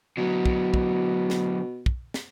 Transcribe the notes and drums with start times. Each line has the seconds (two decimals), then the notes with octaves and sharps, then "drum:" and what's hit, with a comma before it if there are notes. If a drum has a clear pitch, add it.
0.17 B2 D3 F#3
0.45 drum: kick
0.74 drum: kick
1.30 drum: snare
1.86 drum: kick
2.14 drum: snare